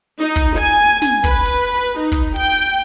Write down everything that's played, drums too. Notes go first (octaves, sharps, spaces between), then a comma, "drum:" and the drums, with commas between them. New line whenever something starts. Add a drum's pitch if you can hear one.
D#4
drum: kick
G#5, drum: hi-hat
drum: snare
B4, drum: kick
drum: open hi-hat
D#4
drum: kick
G5, drum: hi-hat